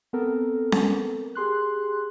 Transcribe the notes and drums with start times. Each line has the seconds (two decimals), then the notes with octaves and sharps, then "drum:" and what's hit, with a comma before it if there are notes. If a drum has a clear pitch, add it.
0.13 B3 C4 A4 A#4
0.72 drum: snare C#4
1.35 G4 G#4 C6 F#6